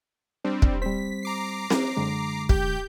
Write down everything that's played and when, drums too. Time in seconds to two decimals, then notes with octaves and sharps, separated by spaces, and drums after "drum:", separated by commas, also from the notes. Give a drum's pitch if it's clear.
0.45 G3 C4 D4
0.62 drum: kick
0.82 G3 C4 C5 B6
1.23 A#5 D6 C7
1.70 drum: snare C4
1.97 F#2 D3 G#3
2.49 G4 G6, drum: kick